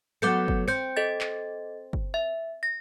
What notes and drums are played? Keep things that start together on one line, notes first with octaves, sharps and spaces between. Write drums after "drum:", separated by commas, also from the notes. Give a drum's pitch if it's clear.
F#3 A3 B3 D6 G6 C#7
drum: kick
C4 G6 C#7
A4 D#5 A6
drum: clap
drum: kick
E5
A#6